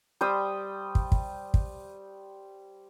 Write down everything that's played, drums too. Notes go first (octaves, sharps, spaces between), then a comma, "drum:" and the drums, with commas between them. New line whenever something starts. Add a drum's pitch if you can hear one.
G3 C5 G5 D#6
drum: kick
drum: kick
drum: kick